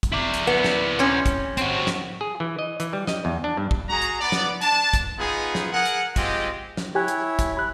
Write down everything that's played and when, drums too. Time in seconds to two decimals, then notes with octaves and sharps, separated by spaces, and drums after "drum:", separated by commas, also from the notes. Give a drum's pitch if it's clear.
0.03 drum: kick, hi-hat
0.13 E4 D5
0.34 drum: hi-hat
0.47 B3
0.64 drum: snare
0.99 C3 C#4
1.26 drum: kick, hi-hat
1.57 C4 F#4, drum: hi-hat
1.87 drum: snare
2.21 G#4
2.40 E3
2.59 D#5
2.80 E3, drum: hi-hat
2.93 G3
3.07 D#5, drum: snare
3.25 E2
3.44 D4
3.57 G2
3.71 drum: kick
3.89 F#4 G#4 A#5
4.02 drum: hi-hat
4.21 B3 D5
4.32 drum: snare
4.61 D4 A5, drum: hi-hat
4.93 drum: kick, hi-hat
5.19 B3 D#4 F4 G#4
5.55 drum: snare
5.72 G#4 A#4 F#5
5.85 drum: hi-hat
6.16 G#3 C4 F4 G4 D#5, drum: kick, hi-hat
6.77 drum: snare
6.95 E4 G4 C#5 E5 G#5 F#6
7.08 drum: hi-hat
7.39 drum: kick, hi-hat
7.57 B5 F#6